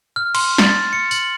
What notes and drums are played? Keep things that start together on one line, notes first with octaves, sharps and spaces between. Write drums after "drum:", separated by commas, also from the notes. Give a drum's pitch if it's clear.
F6
C6, drum: cymbal
A6, drum: snare
C#7
F#7, drum: tambourine